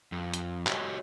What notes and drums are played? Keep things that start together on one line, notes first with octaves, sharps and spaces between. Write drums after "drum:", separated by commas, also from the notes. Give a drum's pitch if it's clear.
F2
drum: hi-hat
F#4 G4 C#5 D#5 G#5, drum: clap